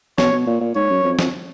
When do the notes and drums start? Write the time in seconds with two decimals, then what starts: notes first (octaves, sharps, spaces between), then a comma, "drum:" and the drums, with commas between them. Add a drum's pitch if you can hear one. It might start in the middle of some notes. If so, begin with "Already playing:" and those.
0.18 B2 C#5, drum: snare
0.32 B2
0.46 A#2
0.61 A#2
0.75 G#2 C#5
0.90 F#2
1.04 F2
1.19 F2, drum: snare